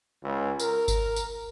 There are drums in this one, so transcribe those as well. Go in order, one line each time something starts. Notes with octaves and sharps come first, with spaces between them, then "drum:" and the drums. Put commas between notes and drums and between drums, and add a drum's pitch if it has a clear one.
C#2
A#4, drum: tambourine
drum: kick G#1, tambourine
drum: tambourine